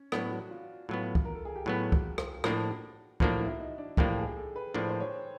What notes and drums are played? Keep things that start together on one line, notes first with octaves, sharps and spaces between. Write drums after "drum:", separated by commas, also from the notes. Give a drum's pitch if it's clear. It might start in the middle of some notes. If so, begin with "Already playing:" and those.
Already playing: C#4
A2 F#3 B3 D4, drum: rim click
F#4
F4
A2 F#3 B3 F4
drum: kick C2
A#4
A4
G#4
G4
A2 F#3 B3 F#4
drum: kick C2
drum: rim click
A2 F3 A#3 D4, drum: rim click
A2 F3 A#3 D4 F#4, drum: kick C2
E4
D#4
D4
A2 F3 A#3 D4 G4, drum: kick C2
G#4
A4
B4
A2 F3 A#3 D4 C5
C5
C#5